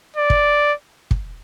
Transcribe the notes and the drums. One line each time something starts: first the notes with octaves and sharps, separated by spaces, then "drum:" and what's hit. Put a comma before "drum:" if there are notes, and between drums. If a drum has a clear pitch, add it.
D5
drum: kick
drum: kick